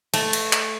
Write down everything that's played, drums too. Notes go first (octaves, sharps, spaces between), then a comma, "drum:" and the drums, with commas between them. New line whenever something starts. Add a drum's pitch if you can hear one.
A3, drum: cymbal
drum: cymbal
drum: clap